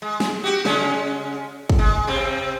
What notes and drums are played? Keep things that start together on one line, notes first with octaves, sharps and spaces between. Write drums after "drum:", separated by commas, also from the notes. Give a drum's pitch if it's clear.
G#3
drum: snare
F#4 G4
C#3 G#3 C#4, drum: snare
drum: kick
G#3
C3 C4